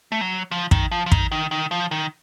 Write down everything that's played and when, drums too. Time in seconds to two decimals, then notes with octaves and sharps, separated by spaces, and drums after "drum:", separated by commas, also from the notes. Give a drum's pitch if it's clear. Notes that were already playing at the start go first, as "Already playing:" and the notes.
0.12 A3
0.21 F#3
0.51 F3
0.71 D#3, drum: kick
0.91 F3
1.06 F3
1.12 D#3, drum: kick
1.32 D#3
1.51 D#3
1.71 F3
1.91 D#3